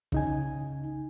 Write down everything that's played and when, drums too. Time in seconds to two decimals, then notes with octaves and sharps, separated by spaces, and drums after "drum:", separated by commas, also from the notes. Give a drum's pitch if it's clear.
0.12 C#3 D#4 G#5, drum: kick